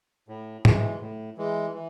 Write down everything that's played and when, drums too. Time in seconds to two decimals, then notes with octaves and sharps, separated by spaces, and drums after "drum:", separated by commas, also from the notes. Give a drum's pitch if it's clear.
0.29 A2
0.65 E3 G#3, drum: tom A2
1.01 A2
1.38 E3 G#3
1.74 E3